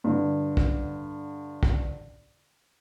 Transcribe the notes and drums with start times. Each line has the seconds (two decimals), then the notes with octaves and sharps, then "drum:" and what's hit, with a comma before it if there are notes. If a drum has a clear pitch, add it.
0.04 G2 D3
0.57 drum: kick
1.63 drum: kick